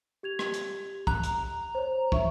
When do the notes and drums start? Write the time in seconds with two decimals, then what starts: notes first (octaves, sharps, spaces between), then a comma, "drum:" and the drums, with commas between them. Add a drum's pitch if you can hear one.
0.23 G4 G#6 F7
0.39 drum: rim click
0.54 drum: hi-hat
1.07 A#5 F#6, drum: kick
1.23 drum: hi-hat
1.75 C5 C#5
2.12 E5 C#6, drum: kick